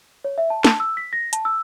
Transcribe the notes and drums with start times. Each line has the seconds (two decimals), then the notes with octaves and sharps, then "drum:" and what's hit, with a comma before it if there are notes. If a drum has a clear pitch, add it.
0.24 C#5
0.38 E5
0.50 A5
0.65 A5, drum: snare
0.80 E6
0.97 B6
1.13 A#6
1.33 A5, drum: hi-hat
1.45 E6